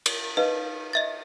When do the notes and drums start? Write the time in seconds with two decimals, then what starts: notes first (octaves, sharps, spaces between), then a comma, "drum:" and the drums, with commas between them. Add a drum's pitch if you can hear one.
0.06 drum: cymbal
0.37 D#4 B4 D#5 F5
0.93 D#5 E5 A6